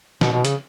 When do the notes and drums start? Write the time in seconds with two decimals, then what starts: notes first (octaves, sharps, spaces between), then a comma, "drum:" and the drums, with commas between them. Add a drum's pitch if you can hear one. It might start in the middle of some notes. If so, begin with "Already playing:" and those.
0.21 B2, drum: snare
0.32 B2
0.45 C#3, drum: hi-hat